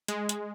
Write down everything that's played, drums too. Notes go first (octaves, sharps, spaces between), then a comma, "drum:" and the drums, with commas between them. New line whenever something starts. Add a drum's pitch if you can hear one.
G#3, drum: hi-hat
drum: hi-hat